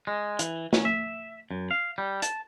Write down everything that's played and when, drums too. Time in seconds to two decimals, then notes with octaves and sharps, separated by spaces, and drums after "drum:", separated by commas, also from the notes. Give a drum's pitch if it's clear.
0.07 G#3
0.39 E3, drum: hi-hat
0.73 C#4, drum: snare
0.85 E5
1.51 F#2
1.71 F5
1.98 G3
2.22 A5, drum: hi-hat